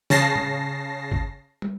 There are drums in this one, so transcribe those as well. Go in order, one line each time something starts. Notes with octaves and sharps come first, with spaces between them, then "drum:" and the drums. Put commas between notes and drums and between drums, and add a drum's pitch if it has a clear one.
C#3 A5 A#6 C7, drum: snare
drum: tom A2
drum: kick
drum: tom